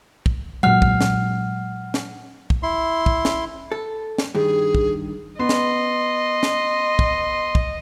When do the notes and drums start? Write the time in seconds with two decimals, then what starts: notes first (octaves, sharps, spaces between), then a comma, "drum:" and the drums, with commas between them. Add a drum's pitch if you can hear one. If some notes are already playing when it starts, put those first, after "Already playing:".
0.26 drum: kick
0.63 A#2 F#3 G#3 F#5 F6
0.82 drum: kick
1.01 drum: snare
1.94 drum: snare
2.50 drum: kick
2.63 E4 C6
3.06 drum: kick
3.25 drum: snare
3.72 A4
4.18 drum: snare
4.35 G2 D#3 G#4
4.75 drum: kick
5.39 B3 D#5 C6
5.49 drum: snare
6.43 drum: snare
6.99 drum: kick
7.55 drum: kick